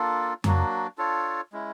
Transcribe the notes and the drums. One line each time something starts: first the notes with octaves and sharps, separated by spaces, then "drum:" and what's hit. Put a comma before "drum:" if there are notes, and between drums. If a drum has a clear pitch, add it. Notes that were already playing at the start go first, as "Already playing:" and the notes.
Already playing: A#3 D4 F4 A4
F#3 A#3 D4 F#4, drum: tom F2
D4 F4 A4 C#5
G#3 C#4 E4